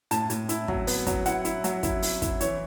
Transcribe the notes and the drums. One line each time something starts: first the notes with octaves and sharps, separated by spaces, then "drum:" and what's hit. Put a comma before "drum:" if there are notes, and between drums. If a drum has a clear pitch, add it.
A2 A5, drum: hi-hat
A2, drum: hi-hat
E4, drum: hi-hat
F#3, drum: kick
B3, drum: open hi-hat
F#3, drum: kick, hi-hat
E4 F#5, drum: hi-hat
E4, drum: hi-hat
F#3, drum: hi-hat
E4, drum: kick, hi-hat
E4, drum: open hi-hat
E4, drum: kick, hi-hat
E3 C#5, drum: hi-hat